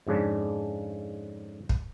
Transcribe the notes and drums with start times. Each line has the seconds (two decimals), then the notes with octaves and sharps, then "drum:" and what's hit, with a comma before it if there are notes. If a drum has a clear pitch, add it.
0.07 F2 G#2 C#3 D4
1.69 drum: kick